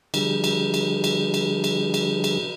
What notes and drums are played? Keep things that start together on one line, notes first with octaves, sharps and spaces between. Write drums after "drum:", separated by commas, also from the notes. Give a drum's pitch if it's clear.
D3 F3 G3 D4 G4 G#4, drum: cymbal
drum: cymbal
drum: cymbal
drum: cymbal
drum: cymbal
drum: cymbal
drum: cymbal
drum: cymbal